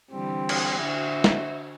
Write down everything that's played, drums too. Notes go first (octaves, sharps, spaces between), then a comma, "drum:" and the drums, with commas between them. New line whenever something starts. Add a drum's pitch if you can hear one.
D3 E3 G3 C4
drum: cymbal
D3 F#4 C5 E5
drum: snare